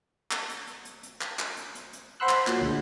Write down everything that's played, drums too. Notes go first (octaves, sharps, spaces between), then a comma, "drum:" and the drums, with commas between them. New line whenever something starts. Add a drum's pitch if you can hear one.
drum: clap
drum: hi-hat
drum: hi-hat
drum: hi-hat
drum: hi-hat
drum: clap
drum: clap
drum: hi-hat
drum: hi-hat
drum: hi-hat
C5 F#5 B5 C6 E6 F#6
drum: clap
A#2 F#3, drum: clap
D2 G#3